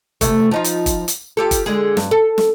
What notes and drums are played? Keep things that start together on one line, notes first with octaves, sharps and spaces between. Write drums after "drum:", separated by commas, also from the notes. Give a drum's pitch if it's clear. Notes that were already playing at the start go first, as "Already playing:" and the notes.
E2 C3 A3, drum: kick, hi-hat
F3 D#4 F4
drum: hi-hat
drum: kick, hi-hat
drum: hi-hat
F4 G4 A4
drum: kick, hi-hat
D3 G#3 G#4
G2, drum: snare
A4
drum: snare